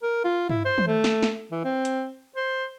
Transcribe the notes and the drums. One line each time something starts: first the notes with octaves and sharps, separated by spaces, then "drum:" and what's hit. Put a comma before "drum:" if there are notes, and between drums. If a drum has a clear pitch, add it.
A#4
F4
E4, drum: tom
C5
drum: tom
A3
drum: snare
drum: snare
E3
C4
drum: hi-hat
C5